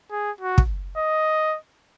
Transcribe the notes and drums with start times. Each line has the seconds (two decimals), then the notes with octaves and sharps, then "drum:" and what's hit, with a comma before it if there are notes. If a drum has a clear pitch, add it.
0.11 G#4
0.41 F#4
0.58 drum: kick
0.98 D#5